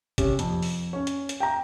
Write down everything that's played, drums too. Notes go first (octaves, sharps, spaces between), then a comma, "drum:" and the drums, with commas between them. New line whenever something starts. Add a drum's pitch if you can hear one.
C3 C#4, drum: kick, hi-hat
F2, drum: hi-hat
drum: open hi-hat
C#4 C#5
drum: hi-hat
drum: hi-hat
G5 A#5